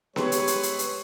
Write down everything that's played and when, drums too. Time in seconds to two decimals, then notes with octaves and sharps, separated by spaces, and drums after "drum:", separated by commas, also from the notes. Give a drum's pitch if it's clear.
0.16 G#3 G4 B4 C#5 C6 E6, drum: snare B3
0.32 drum: hi-hat
0.47 drum: hi-hat
0.63 drum: hi-hat
0.79 drum: hi-hat